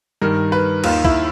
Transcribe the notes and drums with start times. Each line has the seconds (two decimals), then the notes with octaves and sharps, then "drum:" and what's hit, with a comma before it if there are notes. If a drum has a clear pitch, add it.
0.22 G2 D#3 A#4
0.52 B4
0.84 D#2 D#3 F4, drum: cymbal
1.05 E4, drum: kick